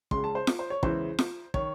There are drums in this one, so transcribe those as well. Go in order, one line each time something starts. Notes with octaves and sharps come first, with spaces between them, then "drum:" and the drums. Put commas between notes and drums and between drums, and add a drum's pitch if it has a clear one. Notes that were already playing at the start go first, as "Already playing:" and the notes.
C#2 C#3 G#3 C6, drum: kick
A5
C5
drum: snare F4
C5
C#5
E2 C#3 E3 G#3 C5, drum: kick
drum: snare F4
D#3 C#5, drum: kick